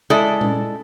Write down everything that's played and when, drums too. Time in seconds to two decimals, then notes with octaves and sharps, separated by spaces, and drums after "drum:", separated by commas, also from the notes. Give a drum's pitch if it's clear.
0.10 G#3 E4 A4 D5
0.41 drum: tom